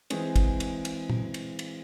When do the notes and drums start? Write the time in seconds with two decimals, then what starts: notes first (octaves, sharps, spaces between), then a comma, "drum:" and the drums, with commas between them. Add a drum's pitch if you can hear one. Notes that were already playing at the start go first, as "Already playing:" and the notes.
0.10 E3 G#3 C4 G#4, drum: cymbal
0.36 drum: kick, cymbal
0.60 drum: cymbal
0.85 drum: cymbal
1.10 drum: tom
1.34 drum: cymbal
1.59 drum: cymbal